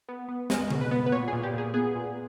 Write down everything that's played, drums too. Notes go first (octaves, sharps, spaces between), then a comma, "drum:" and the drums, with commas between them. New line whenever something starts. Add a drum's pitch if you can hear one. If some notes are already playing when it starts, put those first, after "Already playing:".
B3
B3
G#3 A#4, drum: snare
B2, drum: tom C#3
B4
B3
B4
A#2 C#5
G#4
A#2
G4
A#2 G#4
B3 G#4
A#2